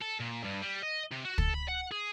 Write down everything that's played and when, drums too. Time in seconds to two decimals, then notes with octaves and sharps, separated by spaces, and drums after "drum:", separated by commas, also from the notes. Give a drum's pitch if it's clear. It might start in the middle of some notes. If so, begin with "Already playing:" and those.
0.02 A4
0.20 A#2
0.45 G2
0.62 G3
0.83 D#5
1.11 C3
1.25 F#4
1.38 A4, drum: kick
1.54 B5
1.68 F#5
1.92 G#4